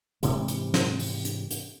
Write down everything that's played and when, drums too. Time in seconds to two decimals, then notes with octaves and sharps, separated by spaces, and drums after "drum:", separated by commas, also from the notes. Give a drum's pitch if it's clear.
0.23 G#2 C3 E3 G3, drum: hi-hat
0.48 drum: hi-hat
0.74 drum: snare
0.99 drum: open hi-hat
1.25 drum: hi-hat
1.51 drum: hi-hat